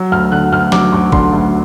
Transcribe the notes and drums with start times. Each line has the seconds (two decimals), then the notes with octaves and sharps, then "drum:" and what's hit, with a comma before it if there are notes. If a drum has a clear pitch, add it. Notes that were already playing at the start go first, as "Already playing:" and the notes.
Already playing: F#3
0.12 D2 F6
0.32 D3 F#6
0.52 D2 F6
0.72 F#3 D6, drum: snare
0.92 D2 C#6
1.12 D3 C6, drum: kick A1
1.33 D2